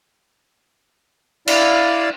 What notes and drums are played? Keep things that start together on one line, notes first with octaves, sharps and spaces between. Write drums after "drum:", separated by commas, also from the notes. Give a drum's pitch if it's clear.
E4 D5 F5, drum: cymbal